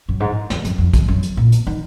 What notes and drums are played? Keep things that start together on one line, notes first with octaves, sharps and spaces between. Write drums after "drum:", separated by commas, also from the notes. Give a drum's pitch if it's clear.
F#2
G#2
F2, drum: snare
F#2, drum: hi-hat
F2
drum: kick A#1, hi-hat
F#2
drum: hi-hat
A#2
drum: hi-hat
D#3